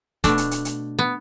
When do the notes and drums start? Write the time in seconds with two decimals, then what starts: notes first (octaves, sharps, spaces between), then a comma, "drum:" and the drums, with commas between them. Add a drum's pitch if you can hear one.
0.24 B2 A3 D4, drum: kick, hi-hat
0.38 drum: hi-hat
0.51 drum: hi-hat
0.65 drum: hi-hat
0.99 B3